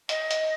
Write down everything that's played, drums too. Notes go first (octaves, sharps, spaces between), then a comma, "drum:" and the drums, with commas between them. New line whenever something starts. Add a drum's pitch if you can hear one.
D#5, drum: hi-hat
drum: hi-hat